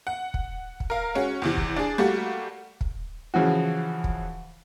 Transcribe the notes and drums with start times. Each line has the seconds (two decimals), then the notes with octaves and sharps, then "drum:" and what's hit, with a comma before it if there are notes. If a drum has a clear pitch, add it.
0.07 F#5
0.34 drum: kick
0.80 drum: kick
0.90 A#4 F5
1.15 G#3 C#4 F#4
1.42 E2 C3 E3
1.57 drum: kick
1.76 D4 G#4
1.98 G3 A3 A#3 F#4 G4
2.81 drum: kick
3.34 C#3 E3 F3 F#4
4.04 drum: kick